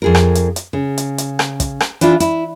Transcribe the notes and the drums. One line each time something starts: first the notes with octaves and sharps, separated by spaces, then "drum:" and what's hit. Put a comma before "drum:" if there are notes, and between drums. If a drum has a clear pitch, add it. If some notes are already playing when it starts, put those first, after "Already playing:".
F2 G#4 A#4
drum: rim click
drum: hi-hat
drum: hi-hat
C#3
drum: hi-hat
drum: hi-hat
drum: rim click
drum: kick, hi-hat
drum: rim click
E3 D4 E4 F4, drum: hi-hat
E4, drum: hi-hat